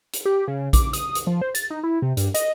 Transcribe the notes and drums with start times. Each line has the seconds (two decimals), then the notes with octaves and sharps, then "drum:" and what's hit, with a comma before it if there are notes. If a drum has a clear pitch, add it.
0.13 drum: hi-hat
0.25 G4
0.48 C#3
0.73 D6, drum: kick A#1, hi-hat
0.93 D#6, drum: hi-hat
1.15 drum: hi-hat
1.27 F3
1.41 C5
1.55 A6, drum: hi-hat
1.70 D#4
1.83 E4
2.02 C3
2.17 G2, drum: hi-hat
2.34 D#5, drum: hi-hat